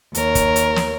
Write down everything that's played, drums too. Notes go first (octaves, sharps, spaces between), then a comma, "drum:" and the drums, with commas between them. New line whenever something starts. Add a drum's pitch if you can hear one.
D#2 A#4 C#5, drum: hi-hat
drum: kick, hi-hat
drum: hi-hat
drum: snare